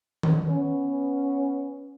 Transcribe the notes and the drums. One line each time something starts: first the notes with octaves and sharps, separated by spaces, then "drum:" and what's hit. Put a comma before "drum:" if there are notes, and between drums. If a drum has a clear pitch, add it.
drum: tom D#3
B3 C#4